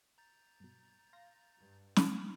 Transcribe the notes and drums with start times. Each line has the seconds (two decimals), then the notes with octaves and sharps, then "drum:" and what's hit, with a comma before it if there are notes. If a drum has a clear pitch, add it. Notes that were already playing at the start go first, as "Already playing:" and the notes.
0.18 A#5 G6 A6
0.60 G2 B2
1.13 F5 C6 A#6
1.58 G2
1.96 drum: snare